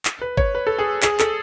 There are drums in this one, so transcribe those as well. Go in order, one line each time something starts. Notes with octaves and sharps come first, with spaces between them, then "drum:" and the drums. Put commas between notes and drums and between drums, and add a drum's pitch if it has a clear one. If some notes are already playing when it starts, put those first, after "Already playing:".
drum: clap
B4
C#5, drum: kick G1
B4
A4
G#4
G#4, drum: clap
A4, drum: clap